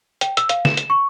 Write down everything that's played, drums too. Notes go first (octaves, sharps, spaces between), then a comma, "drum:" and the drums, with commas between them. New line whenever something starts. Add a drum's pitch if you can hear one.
G5, drum: hi-hat
E6, drum: hi-hat
F5, drum: hi-hat
E7, drum: snare
drum: hi-hat
C#6